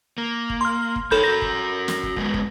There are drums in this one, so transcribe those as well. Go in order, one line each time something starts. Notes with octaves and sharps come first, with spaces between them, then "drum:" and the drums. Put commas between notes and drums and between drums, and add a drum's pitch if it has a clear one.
A#3
drum: kick
C6 F6
drum: kick
F2 D#4 A4 C#5 B5 G6, drum: kick
F#4 A#4 A#6
drum: kick
drum: snare
drum: kick
F#2 G#3 B3, drum: kick
drum: kick